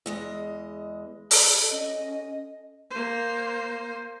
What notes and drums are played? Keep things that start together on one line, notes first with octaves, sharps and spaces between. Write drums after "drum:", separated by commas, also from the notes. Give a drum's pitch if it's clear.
E2 G#3 D#5
A4, drum: open hi-hat
C#4 D#5
A#3 C5